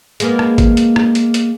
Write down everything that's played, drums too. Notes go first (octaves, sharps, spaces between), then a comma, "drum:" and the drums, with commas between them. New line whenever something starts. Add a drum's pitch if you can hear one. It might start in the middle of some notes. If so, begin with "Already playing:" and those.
G#3 A#3 B3, drum: hi-hat
drum: rim click
drum: kick, hi-hat
drum: hi-hat
drum: rim click
drum: hi-hat
drum: hi-hat